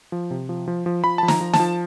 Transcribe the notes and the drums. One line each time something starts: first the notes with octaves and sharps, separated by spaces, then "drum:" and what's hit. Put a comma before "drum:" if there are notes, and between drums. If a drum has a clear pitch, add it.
F3
C3
F3
F3
F3
F3 B5
F3 A5
A#5, drum: snare
F3
A5, drum: snare
F3